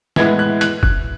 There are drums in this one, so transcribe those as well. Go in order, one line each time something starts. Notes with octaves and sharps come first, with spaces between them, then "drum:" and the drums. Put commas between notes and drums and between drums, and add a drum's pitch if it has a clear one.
A2 E3 G#3 B3 E4 G#6, drum: snare
F#6
F#6, drum: hi-hat
F#6, drum: kick